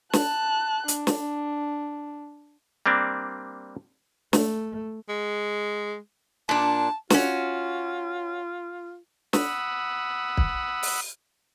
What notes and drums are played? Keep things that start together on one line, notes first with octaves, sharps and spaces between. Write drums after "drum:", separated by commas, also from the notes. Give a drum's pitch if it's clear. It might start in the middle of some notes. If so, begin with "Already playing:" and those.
A5 F#6, drum: snare
D4, drum: hi-hat
drum: snare
G3 A#3 C4 D4
A3, drum: snare
G#3
A#2 D4 A5
C#4 F4 F#4, drum: snare
F#5 B5 D#6 E6, drum: snare
drum: kick
drum: open hi-hat